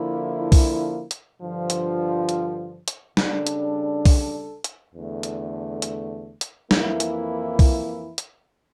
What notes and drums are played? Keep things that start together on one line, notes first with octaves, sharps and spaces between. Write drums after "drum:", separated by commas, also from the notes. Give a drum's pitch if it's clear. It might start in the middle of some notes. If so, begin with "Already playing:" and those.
Already playing: D3 F3 A#3 E4
drum: kick B1, open hi-hat
drum: hi-hat
G2 D3 F3
drum: hi-hat
drum: hi-hat
drum: hi-hat
C#3 G3 D4 A4, drum: snare
drum: hi-hat
drum: kick B1, open hi-hat
drum: hi-hat
E2 D3 A3
drum: hi-hat
drum: hi-hat
drum: hi-hat
F2 E3 A#3 E4, drum: snare
drum: hi-hat
drum: kick B1, open hi-hat
drum: hi-hat